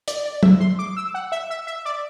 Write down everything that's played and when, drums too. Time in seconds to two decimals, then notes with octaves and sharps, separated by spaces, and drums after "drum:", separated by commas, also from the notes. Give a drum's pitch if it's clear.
0.08 D5, drum: hi-hat
0.25 D5
0.43 E5, drum: tom
0.60 C6
0.79 D6
0.97 E6
1.14 F#5
1.32 E5
1.50 E5
1.67 E5
1.85 D5